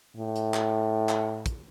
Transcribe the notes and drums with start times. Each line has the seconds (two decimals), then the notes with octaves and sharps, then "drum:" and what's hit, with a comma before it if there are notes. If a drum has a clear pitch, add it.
0.17 A2
0.36 drum: hi-hat
0.54 drum: clap
1.09 drum: clap
1.46 drum: kick, hi-hat